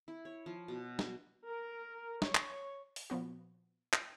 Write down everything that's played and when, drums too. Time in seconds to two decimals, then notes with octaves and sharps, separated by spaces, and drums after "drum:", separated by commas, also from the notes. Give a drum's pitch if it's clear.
0.08 E4
0.25 C#5
0.46 F3
0.68 B2
0.99 drum: snare
1.45 A#4
2.22 C#5, drum: snare
2.35 drum: clap
2.96 drum: open hi-hat
3.10 A#2 F3 B3 F#4
3.93 G5, drum: clap